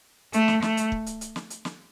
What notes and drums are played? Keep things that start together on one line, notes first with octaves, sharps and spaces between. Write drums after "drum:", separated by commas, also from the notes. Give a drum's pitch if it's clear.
A3, drum: hi-hat
drum: snare
A3, drum: snare
drum: hi-hat
drum: kick
drum: hi-hat
drum: hi-hat
drum: snare
drum: hi-hat
drum: snare